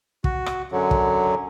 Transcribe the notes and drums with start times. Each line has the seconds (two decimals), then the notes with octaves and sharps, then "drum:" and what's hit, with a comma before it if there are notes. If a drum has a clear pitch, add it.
0.24 F#4, drum: kick
0.46 drum: rim click
0.72 F#2 D3 F#3
0.91 drum: kick